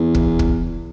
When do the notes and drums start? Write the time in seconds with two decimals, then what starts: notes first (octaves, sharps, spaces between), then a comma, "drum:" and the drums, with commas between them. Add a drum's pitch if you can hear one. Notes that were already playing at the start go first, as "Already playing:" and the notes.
Already playing: E2
0.15 drum: kick
0.39 drum: kick